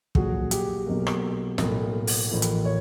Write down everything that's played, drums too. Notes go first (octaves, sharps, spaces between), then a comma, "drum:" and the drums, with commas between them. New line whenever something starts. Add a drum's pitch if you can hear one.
A#1 A#2 F#3 A3 F#4 G#4, drum: kick
G4, drum: hi-hat
B1 B2 F#3 A#3
drum: rim click
B1 A2 F#3 A#3, drum: snare
drum: open hi-hat
A1 A2 F3 A#3
drum: hi-hat
C#5